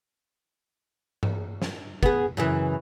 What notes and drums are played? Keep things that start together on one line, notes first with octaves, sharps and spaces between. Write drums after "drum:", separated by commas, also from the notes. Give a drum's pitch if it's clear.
drum: tom G2
drum: snare
B3 G#4, drum: kick
F#2 C#3 E3